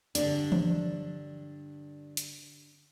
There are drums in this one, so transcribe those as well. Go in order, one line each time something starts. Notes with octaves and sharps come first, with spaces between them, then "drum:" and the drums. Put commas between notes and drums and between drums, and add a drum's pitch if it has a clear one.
G2 D3 D4, drum: hi-hat
drum: tom E3
drum: hi-hat